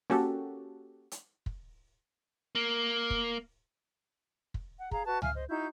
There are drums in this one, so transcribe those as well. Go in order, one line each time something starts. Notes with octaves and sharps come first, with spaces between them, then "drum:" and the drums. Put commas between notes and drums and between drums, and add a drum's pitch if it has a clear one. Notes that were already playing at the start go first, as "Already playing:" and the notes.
A#3 C#4 F#4 G4 A4, drum: snare C4
drum: hi-hat
drum: kick
A#3
drum: kick
drum: kick
F#5
G#4 F5 A#5, drum: kick
F#4 B4 A5
E5 F5 G#5 F6, drum: tom C#2
C5 D#5
D#4 E4 F#4 G6